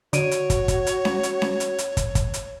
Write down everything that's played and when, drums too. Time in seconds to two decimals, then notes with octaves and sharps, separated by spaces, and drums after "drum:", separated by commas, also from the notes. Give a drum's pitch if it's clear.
0.13 D3 F#4 C#5 D7 D#7, drum: hi-hat
0.31 drum: hi-hat
0.50 drum: kick, hi-hat
0.68 drum: kick, hi-hat
0.87 drum: hi-hat
1.05 drum: snare C#4
1.23 drum: hi-hat
1.42 drum: snare C#4
1.60 drum: hi-hat
1.78 drum: hi-hat
1.97 drum: kick, hi-hat
2.15 drum: kick, hi-hat
2.34 drum: hi-hat